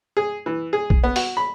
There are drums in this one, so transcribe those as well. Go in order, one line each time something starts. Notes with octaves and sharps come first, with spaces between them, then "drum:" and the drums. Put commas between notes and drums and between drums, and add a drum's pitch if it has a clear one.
G#4
E3
G#4
drum: kick A#1
B3
F#4, drum: open hi-hat
B5